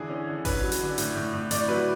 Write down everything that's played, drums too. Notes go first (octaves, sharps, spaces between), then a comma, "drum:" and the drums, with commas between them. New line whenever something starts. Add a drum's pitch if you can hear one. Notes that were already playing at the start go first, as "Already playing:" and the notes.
Already playing: D3 E3 G#4
C#4
D3
C#4 B4, drum: kick G#1, open hi-hat
F#3
drum: hi-hat
D3
A2, drum: hi-hat
A2
A2
A2 D5, drum: hi-hat
F#3 B4